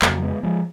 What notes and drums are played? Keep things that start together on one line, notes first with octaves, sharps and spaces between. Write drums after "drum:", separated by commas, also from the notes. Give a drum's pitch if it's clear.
F2 C#3 F#3 A#3, drum: clap
G#3 B3
F3 G#3